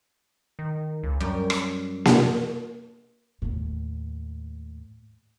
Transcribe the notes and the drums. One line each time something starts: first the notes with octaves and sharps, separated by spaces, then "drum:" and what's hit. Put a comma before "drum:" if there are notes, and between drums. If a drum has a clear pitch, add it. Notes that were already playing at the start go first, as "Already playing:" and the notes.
D#3
C#2
F#2 G3
drum: rim click
drum: snare A#3
D#2 A2